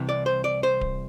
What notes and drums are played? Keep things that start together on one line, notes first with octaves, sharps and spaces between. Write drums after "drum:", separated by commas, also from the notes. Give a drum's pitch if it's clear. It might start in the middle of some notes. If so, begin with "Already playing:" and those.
Already playing: C2 C3 E3
D5
C5
D5
C5
drum: kick D1